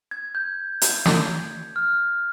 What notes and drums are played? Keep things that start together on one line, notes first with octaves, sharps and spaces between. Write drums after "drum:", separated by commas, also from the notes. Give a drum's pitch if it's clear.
G#6
G6
drum: hi-hat
drum: snare
F6